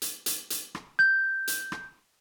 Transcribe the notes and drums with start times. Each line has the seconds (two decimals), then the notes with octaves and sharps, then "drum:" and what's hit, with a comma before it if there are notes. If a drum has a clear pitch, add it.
0.02 drum: hi-hat
0.26 drum: hi-hat
0.50 drum: hi-hat
0.75 drum: rim click
0.99 G6
1.48 drum: hi-hat
1.72 drum: rim click